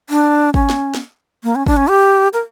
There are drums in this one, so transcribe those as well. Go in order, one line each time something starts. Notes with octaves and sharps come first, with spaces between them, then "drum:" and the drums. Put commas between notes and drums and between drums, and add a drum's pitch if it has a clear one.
D4
C#4, drum: kick
drum: snare
drum: snare
A#3
C#4
D4, drum: kick
C#4
G4
A#4